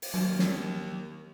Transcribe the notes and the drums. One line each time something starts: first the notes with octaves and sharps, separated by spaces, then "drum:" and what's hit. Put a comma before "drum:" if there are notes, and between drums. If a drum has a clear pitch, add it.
drum: open hi-hat
D#2 F#3
drum: snare